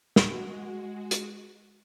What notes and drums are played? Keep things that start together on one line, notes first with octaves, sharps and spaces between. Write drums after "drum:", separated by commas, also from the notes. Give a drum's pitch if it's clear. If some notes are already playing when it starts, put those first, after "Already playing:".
G#3 F#4, drum: snare
drum: hi-hat